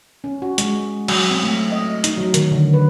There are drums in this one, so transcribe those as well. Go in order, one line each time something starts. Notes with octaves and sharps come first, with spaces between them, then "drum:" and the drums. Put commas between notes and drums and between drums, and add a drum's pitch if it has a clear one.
C#4
F#4
G#3, drum: hi-hat
F#3, drum: cymbal
C4
A3
D#5
D#4, drum: hi-hat
F#3
D#3, drum: hi-hat
D3
B4